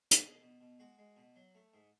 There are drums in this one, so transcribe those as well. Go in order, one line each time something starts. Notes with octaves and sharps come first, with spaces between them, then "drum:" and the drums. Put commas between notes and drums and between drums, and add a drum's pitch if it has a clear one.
drum: hi-hat
B2 G#4
B2
B2
G#3 F#4
G#3
B2
F#3
A3
G#2